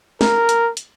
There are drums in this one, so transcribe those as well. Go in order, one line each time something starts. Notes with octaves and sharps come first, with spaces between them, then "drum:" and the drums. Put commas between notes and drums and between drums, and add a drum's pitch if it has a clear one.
A#4, drum: snare
drum: hi-hat
drum: hi-hat